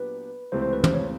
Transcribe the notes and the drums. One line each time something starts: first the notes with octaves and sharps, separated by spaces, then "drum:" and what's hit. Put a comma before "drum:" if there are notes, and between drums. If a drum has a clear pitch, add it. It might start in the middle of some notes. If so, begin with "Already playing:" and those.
Already playing: A#2 F#3 B3 D4 G4 B4
C#2 C3 E3 A3 C4 C5
C5
B4
C5, drum: tom
C#5